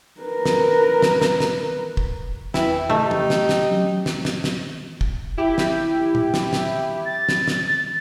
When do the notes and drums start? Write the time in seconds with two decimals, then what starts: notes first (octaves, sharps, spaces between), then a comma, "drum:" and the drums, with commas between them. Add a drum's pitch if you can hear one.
0.21 A#4 B4
0.46 drum: snare
1.02 drum: snare
1.21 drum: snare
1.40 drum: snare
1.97 drum: kick
2.54 E2 E3 E4 G5 B5, drum: snare
2.90 C#3 A3 D#4 G4
3.11 drum: tom
3.30 drum: snare
3.49 drum: snare
3.69 F#3 C#4
4.06 drum: snare
4.25 drum: snare
4.44 drum: snare
5.01 drum: kick
5.37 E4 G4
5.58 drum: snare
6.15 drum: tom
6.34 drum: snare
6.53 drum: snare
7.06 A6
7.29 drum: snare
7.48 drum: snare